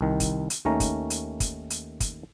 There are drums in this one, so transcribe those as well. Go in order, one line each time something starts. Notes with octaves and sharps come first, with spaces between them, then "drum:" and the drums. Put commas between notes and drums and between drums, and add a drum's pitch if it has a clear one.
C2 D#3
drum: kick, hi-hat
drum: hi-hat
D#2 D#3 A3 C#4 A#5
drum: kick, hi-hat
drum: hi-hat
drum: kick, hi-hat
drum: hi-hat
drum: kick, hi-hat